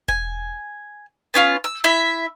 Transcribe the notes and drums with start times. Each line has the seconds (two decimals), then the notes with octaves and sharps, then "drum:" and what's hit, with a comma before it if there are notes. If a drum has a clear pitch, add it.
0.08 G#5, drum: kick E1
1.34 B3 C#4 F4 F5
1.64 E6
1.84 E4 E5